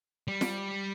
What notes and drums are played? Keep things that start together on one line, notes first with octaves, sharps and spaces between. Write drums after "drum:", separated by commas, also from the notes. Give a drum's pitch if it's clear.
G3
drum: snare